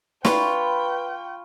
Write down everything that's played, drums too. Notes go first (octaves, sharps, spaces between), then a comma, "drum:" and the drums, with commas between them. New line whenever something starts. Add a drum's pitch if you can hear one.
F4 B4 G5 B5 C#6, drum: snare